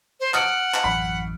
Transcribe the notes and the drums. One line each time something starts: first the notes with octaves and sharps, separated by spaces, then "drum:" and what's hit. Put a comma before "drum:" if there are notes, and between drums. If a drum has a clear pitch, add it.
C5
F#5 D#6 F6 D7, drum: clap
drum: clap
A1 F#2 B5